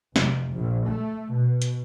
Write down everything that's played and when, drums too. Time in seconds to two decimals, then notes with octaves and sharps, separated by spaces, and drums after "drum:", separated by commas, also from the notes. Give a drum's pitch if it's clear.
0.16 F1, drum: snare
0.51 A#1
0.87 A3
1.32 B2
1.62 drum: hi-hat